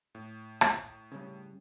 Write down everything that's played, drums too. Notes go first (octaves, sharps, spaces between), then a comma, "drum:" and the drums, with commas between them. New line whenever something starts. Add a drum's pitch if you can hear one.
A2
drum: rim click
G2 C#3